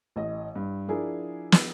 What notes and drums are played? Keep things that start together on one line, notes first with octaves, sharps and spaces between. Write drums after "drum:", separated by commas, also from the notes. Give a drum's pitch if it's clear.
A1 D#5
G2
F3 D4 E4 G#4 A#4
drum: snare